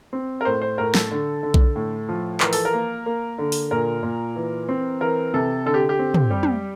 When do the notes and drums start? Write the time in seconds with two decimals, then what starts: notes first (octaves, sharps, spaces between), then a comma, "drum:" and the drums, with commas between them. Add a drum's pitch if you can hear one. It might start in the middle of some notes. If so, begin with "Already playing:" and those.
0.13 C4
0.41 A#4
0.45 A2 C5
0.62 C5
0.78 A2 A#4
0.95 A4, drum: snare
1.11 D3
1.43 D3
1.54 drum: kick B1
1.76 A2
2.09 F3
2.40 E3 A#4, drum: clap
2.53 A4, drum: open hi-hat
2.65 A#4
2.73 A#3
3.06 A#3
3.38 D3
3.52 drum: open hi-hat
3.71 A#2 A#4
4.03 A#2
4.36 E3
4.69 C4
5.00 E3 A#4
5.34 C3 A4
5.66 D3 A4
5.74 G4
5.89 G4
5.99 C4
6.14 drum: tom
6.30 G3
6.43 drum: tom